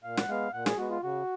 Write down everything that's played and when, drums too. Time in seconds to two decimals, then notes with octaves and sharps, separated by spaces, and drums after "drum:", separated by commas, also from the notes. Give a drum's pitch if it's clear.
0.04 A#2 F5
0.17 F#5, drum: snare
0.28 G#3 B3 F5
0.53 A#2 F#5
0.66 G#4, drum: snare
0.78 G#3 B3 F#4
0.90 F4
1.03 C#3 F#4